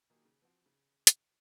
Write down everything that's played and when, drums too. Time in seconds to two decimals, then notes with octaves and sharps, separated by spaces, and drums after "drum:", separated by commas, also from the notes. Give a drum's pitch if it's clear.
0.10 A#2 D#3 F#3 A#3 G4 G#4
0.25 C#3
0.42 F3 C4 F#4
0.66 C#3
1.07 drum: hi-hat